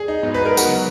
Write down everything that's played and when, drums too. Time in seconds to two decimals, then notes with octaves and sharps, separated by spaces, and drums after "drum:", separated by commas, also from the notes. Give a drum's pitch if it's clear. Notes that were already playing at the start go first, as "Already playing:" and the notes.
Already playing: G#4
0.08 D#4
0.23 G#2 F#3 B3 D#4
0.34 B4
0.45 A#4
0.57 F#4, drum: tambourine
0.68 C#3 F#3 B3